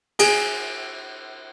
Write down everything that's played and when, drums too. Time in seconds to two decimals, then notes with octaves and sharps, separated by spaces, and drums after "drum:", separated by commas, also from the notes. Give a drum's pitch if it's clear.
0.19 G#4, drum: cymbal